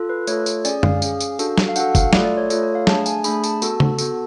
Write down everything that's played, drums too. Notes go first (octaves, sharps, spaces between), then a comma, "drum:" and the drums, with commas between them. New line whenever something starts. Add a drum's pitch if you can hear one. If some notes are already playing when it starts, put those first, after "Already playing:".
Already playing: F4 A4
B4
A3 F4 A4 C#5, drum: tambourine
drum: tambourine
C#4 G#4 D5, drum: tambourine
F5, drum: tom F#2
C#4 G#4, drum: tambourine
drum: tambourine
D4 F#4 A4, drum: tambourine
drum: snare
F5
D4 F#4 A4 F#5, drum: tambourine
F5, drum: kick, tambourine
A3 F4 A4 D5, drum: snare
D5
C#5
A3 F4 A4 C#5, drum: tambourine
C#5
F5
A3 D4 G#4 A5, drum: snare
G#5, drum: tambourine
A3 D4 G#4 B5, drum: tambourine
A5, drum: tambourine
B3 F#4 A4, drum: tambourine
drum: tom C#3
B3 F#4 A4, drum: tambourine